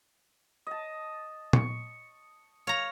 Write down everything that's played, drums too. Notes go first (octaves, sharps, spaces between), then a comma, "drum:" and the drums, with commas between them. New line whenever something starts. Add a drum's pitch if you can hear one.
D#5 A5
C#6, drum: tom
C#5 F5 A#5